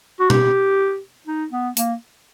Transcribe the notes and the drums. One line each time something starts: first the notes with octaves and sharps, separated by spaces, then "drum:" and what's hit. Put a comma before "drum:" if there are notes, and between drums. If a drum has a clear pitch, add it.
F#4
G4, drum: tom
D#4
B3
A#3, drum: hi-hat